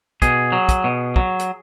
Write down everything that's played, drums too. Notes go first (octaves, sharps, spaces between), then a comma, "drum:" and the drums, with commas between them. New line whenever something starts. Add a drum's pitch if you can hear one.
B2 G#4, drum: kick, hi-hat
F#3
drum: kick, hi-hat
B2
F#3, drum: kick
drum: hi-hat